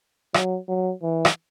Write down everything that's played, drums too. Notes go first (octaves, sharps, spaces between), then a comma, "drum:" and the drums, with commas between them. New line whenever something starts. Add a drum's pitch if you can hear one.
F#3, drum: rim click
F#3
E3
drum: rim click